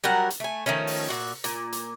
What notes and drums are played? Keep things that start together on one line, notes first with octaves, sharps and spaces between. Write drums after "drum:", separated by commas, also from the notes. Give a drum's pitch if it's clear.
F#3 G3 A#4 F#5
drum: hi-hat
A3 G#5
D#3 F3 A3 C#4
drum: open hi-hat
A#2 F#4
A#2, drum: hi-hat
drum: hi-hat